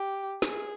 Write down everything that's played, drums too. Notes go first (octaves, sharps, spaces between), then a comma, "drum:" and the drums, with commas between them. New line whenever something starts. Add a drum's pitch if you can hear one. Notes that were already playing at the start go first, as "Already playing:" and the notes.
Already playing: G4
G#4, drum: snare